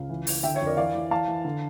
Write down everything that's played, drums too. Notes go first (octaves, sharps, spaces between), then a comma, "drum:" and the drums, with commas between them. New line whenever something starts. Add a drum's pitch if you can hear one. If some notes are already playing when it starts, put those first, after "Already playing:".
Already playing: C#2 F5
E3
E3, drum: open hi-hat
D3 E5 G5
C#5 E5
F2
A#4 D5
E3 D5 F5
E3
E3 F5 A5
E3
D3